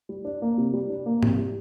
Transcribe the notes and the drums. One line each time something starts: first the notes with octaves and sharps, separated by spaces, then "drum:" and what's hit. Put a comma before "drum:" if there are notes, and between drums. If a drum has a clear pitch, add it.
G3
D4
A#3
C3
G3
D4
A#3
C3, drum: tom G#2
G3